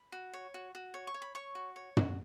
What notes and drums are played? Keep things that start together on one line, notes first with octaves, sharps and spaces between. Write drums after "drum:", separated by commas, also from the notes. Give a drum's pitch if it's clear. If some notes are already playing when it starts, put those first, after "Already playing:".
Already playing: B5
F#4
C#5
F#4
F#4
C#5
C#6
C#5
B5
C#5 C#6
F#4
C#5
F#4, drum: tom